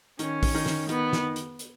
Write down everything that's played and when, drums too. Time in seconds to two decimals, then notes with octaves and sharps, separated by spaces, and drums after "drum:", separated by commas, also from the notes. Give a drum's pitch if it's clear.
0.19 D#3 C#4, drum: hi-hat
0.43 drum: kick A#1, open hi-hat
0.54 D#3
0.66 drum: snare
0.89 D#3 B3, drum: hi-hat
1.13 drum: snare
1.36 drum: hi-hat
1.59 drum: hi-hat